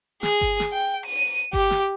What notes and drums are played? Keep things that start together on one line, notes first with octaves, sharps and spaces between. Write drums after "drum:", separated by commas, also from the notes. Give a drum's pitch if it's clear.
G#4, drum: snare
drum: kick G1, hi-hat
drum: snare
G5
D#7
drum: hi-hat
G4, drum: kick G1, open hi-hat
drum: snare